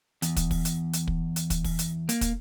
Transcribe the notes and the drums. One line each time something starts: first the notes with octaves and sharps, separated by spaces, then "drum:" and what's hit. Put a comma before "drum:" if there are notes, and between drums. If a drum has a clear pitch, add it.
E2, drum: hi-hat
drum: kick, hi-hat
drum: kick, open hi-hat
drum: hi-hat
drum: hi-hat
drum: kick
drum: hi-hat
drum: kick, hi-hat
drum: kick, open hi-hat
drum: hi-hat
A#3, drum: hi-hat
drum: kick, hi-hat